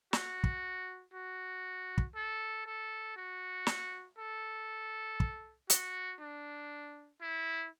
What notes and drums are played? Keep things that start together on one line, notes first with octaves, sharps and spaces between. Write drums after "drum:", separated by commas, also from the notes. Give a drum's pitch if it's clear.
F#4, drum: snare
drum: kick
F#4
drum: kick
A4
A4
F#4
drum: snare
A4
drum: kick
F#4, drum: hi-hat
D4
E4